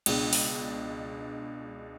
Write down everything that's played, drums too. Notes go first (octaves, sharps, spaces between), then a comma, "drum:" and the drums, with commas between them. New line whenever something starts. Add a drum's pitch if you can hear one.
C#2 B2 G#3 D4, drum: cymbal
drum: open hi-hat